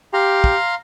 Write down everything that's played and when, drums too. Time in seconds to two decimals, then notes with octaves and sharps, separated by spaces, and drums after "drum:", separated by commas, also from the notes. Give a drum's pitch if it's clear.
0.13 G4 F5 A#5 C6
0.44 drum: kick